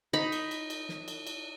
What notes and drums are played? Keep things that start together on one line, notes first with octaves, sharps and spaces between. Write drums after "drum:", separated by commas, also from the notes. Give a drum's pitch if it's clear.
D#4 B5
drum: cymbal
drum: cymbal
drum: cymbal
drum: snare
drum: cymbal
drum: cymbal